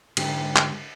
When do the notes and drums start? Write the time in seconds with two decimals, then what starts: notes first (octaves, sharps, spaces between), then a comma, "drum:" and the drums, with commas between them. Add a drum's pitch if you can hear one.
0.17 G#2 D3 G4, drum: cymbal
0.56 drum: clap